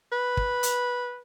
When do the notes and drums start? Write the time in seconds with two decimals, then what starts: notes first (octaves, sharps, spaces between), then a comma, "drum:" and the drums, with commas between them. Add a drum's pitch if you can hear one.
0.12 B4
0.37 drum: kick
0.63 drum: hi-hat